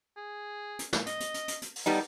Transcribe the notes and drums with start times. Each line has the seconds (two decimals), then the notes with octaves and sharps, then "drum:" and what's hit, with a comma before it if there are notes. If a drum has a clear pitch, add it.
0.17 G#4
0.79 drum: hi-hat
0.93 drum: snare
1.06 D#5, drum: hi-hat
1.20 drum: hi-hat
1.34 drum: hi-hat
1.48 drum: hi-hat
1.62 drum: hi-hat
1.76 drum: open hi-hat
1.86 G3 B3 D#4 A4